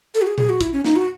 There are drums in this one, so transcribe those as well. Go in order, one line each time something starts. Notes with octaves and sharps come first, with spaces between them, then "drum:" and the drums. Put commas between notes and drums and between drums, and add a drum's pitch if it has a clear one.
A4, drum: hi-hat
F#4
G#4
G#4, drum: tom A#2
F#4
E4, drum: kick, hi-hat
C#4
D#4, drum: snare
F#4